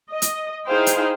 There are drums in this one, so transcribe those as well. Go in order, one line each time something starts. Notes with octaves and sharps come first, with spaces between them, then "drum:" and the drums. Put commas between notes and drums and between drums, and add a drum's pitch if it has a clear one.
D#5
drum: hi-hat
D#4 E4 G#4 C5 F5 G5
drum: hi-hat